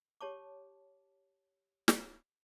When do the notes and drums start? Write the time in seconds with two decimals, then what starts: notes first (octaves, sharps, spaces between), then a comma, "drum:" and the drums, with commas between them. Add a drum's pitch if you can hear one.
0.21 G4 C#5 A5 D6
1.88 drum: snare